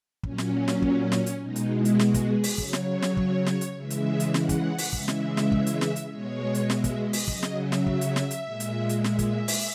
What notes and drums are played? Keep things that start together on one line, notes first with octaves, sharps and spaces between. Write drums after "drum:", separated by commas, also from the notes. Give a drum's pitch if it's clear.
A#2 F#3 C#4, drum: kick
drum: snare
drum: snare
drum: kick
drum: snare
drum: hi-hat
B2 G#3 D#4
drum: hi-hat
E4
drum: hi-hat
F#4, drum: snare
drum: kick, hi-hat
G#4
drum: open hi-hat
C#3 F#3 C#5, drum: kick
drum: snare
drum: snare
drum: kick
drum: snare
drum: hi-hat
C#3 E3 G#3 E5
drum: hi-hat
drum: hi-hat
F#5, drum: snare
drum: kick, hi-hat
drum: open hi-hat
C#3 E3 G#3 E5, drum: kick
drum: snare
drum: snare
drum: kick
drum: hi-hat
drum: snare
drum: hi-hat
B2 G#3 C#5
drum: hi-hat
E5, drum: snare
drum: kick, hi-hat
D#5
drum: open hi-hat
C#3 F#3 D#5, drum: kick
drum: snare
E5
drum: snare
drum: kick
drum: hi-hat
drum: snare
drum: hi-hat
A#2 G#3
drum: hi-hat
drum: hi-hat
E5, drum: snare
drum: kick, hi-hat
drum: open hi-hat